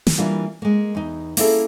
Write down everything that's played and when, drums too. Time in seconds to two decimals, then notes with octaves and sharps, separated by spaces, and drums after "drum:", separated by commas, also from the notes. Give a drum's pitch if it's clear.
0.07 drum: snare
0.18 E3 G3 A#3 D4 F4
0.62 G#3 A#3
0.95 E2 D#4
1.37 A#3 B3 C#4 E4 G#4 A4, drum: open hi-hat